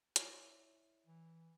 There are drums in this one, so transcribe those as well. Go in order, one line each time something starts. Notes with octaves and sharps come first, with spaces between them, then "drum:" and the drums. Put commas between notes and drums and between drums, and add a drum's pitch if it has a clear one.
E4 C#5 D5, drum: hi-hat
E3